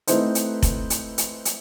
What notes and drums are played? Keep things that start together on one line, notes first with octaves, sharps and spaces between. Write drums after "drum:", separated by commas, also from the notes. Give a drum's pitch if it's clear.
A3 C4 D#4 E4 B4 C5, drum: hi-hat
drum: hi-hat
drum: kick F1, hi-hat
drum: hi-hat
drum: hi-hat
drum: hi-hat